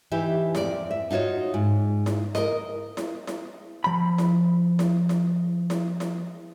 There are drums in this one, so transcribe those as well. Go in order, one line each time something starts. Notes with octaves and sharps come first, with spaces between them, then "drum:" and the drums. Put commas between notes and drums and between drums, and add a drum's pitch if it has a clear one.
E3 D#4 G4 E5
F2 D5, drum: snare E4
E5
D#4 F4 F#4 C#5 D#5
G#2
drum: snare E4
A#4 D#5, drum: snare E4
drum: snare E4
drum: snare E4
F3 B5
drum: snare E4
drum: snare E4
drum: snare E4
drum: snare E4
drum: snare E4